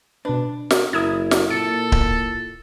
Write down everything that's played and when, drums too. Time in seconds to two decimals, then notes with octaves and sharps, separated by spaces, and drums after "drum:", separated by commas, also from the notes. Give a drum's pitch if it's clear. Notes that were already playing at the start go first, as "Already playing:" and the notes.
0.25 B2 D4 B4
0.71 drum: snare
0.93 F#1 E4 A#4 D#6 E6 G#6
1.31 drum: snare
1.50 A#2 A4 C#7
1.92 drum: kick D1